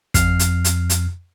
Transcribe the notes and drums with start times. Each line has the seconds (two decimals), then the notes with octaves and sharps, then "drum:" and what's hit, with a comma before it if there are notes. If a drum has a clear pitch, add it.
0.14 F2 F6 C7, drum: kick, hi-hat
0.39 drum: hi-hat
0.64 drum: hi-hat
0.90 drum: hi-hat